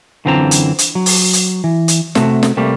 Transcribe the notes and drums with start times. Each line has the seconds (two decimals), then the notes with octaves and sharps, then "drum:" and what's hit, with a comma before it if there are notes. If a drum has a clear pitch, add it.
0.25 F#2 D3 E3 C4 F4 A#5
0.51 drum: hi-hat
0.79 drum: hi-hat
0.95 F#3
1.06 drum: open hi-hat
1.33 drum: hi-hat
1.64 E3
1.88 drum: hi-hat
2.15 C3 A3 F#4, drum: snare
2.43 drum: snare
2.57 C3 G3 A3 A#3